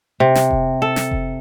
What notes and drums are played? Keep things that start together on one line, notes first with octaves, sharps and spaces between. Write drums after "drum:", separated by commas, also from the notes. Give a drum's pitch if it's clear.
C3
drum: snare
drum: kick F1
A4
drum: snare
drum: kick F1